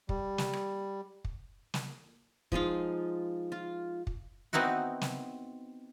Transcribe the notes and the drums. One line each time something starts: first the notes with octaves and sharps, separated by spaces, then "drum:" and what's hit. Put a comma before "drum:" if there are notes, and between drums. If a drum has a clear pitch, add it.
G3, drum: kick
drum: snare
drum: rim click
drum: kick
drum: snare
F3 G#3 D#4 F4, drum: kick
F4
drum: kick
B3 C4 D#4 E4 F#4
drum: snare